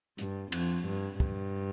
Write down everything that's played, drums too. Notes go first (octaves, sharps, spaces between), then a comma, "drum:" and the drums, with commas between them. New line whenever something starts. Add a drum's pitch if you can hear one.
G2, drum: hi-hat
F2, drum: cymbal
G2
G2, drum: kick